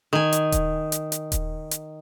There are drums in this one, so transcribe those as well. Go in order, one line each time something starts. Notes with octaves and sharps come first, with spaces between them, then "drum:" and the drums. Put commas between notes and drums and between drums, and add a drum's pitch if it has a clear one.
D#3 G#5
drum: hi-hat
drum: kick D#1, hi-hat
drum: hi-hat
drum: hi-hat
drum: kick D#1, hi-hat
drum: hi-hat